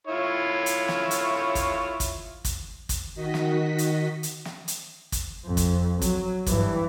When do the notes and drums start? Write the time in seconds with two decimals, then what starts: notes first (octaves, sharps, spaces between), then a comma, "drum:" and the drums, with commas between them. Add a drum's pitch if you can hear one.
0.07 E4 F4 C#5
0.66 drum: hi-hat
0.88 drum: snare
1.11 drum: hi-hat
1.55 drum: kick, hi-hat
2.00 drum: kick, hi-hat
2.45 drum: kick, hi-hat
2.89 drum: kick, hi-hat
3.15 D#3 F#4 D#5 B6
3.34 drum: snare
3.78 drum: hi-hat
4.23 drum: hi-hat
4.45 drum: snare
4.68 drum: hi-hat
5.12 drum: kick, hi-hat
5.46 F2
5.57 drum: kick, hi-hat
6.02 F#3, drum: kick, hi-hat
6.46 G2 E3, drum: kick, hi-hat